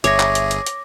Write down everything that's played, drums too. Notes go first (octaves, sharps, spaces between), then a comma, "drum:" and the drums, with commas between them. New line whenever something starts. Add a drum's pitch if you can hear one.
G1 G#4 C#5 E5 D6 A#6, drum: hi-hat
drum: clap
drum: hi-hat
drum: hi-hat
drum: hi-hat